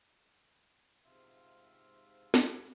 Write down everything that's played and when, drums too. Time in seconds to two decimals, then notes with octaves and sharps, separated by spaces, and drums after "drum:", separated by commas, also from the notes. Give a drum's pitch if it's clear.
1.04 G#2 C3 F4 E5
2.34 drum: snare